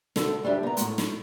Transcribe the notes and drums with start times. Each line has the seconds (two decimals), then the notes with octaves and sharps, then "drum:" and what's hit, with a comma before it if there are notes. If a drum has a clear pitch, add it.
0.16 D2 A4, drum: snare
0.43 D2 G3 D4 G4 E5
0.63 B3 A#5
0.77 A2 G#3, drum: hi-hat
0.98 drum: snare